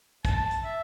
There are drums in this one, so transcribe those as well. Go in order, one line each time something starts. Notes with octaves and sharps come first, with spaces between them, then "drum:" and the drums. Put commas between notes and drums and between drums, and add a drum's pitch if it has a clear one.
A5, drum: kick, hi-hat
drum: hi-hat
E5